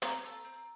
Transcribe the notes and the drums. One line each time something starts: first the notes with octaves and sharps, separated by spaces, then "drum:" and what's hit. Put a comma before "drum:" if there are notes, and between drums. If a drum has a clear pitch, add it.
C4 A#5, drum: hi-hat
F4 A4
C4